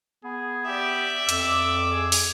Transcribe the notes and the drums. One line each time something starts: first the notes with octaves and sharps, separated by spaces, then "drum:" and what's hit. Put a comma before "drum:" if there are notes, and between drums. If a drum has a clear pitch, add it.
B3 G#4
G4 D5 E5
F2 D6 E6, drum: hi-hat
G#4
drum: open hi-hat